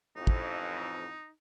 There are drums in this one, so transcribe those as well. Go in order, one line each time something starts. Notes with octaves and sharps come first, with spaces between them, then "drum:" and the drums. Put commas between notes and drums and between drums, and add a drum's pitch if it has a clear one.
A1 F2 D#4
drum: kick